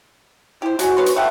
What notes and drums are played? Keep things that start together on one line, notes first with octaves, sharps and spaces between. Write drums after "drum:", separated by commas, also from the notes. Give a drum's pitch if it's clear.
E4 G4 C5
F#3 G#3 F#4, drum: hi-hat
B4 C#5 C6
drum: hi-hat
A3 F#5 G5